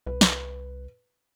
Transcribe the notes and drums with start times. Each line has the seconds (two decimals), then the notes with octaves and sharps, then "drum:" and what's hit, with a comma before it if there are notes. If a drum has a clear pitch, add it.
0.06 C2 B4
0.21 drum: snare